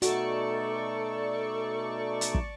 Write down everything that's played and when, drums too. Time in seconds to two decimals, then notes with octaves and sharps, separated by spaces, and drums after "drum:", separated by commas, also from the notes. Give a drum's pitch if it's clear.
0.02 B2 A3 D#4 F#4 A4 D5 A5 C#6, drum: hi-hat
2.21 drum: hi-hat
2.34 drum: kick